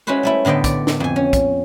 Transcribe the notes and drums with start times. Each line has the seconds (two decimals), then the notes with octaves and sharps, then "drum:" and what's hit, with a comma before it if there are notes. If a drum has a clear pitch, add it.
0.07 G#3 C#4 E4 F#4 B4 C5
0.23 G3 A3 E4
0.45 A2 D3 B3 D#5 G5
0.64 D5, drum: kick, hi-hat
0.87 drum: snare
1.00 F2 G#5
1.16 C#4
1.33 drum: kick, hi-hat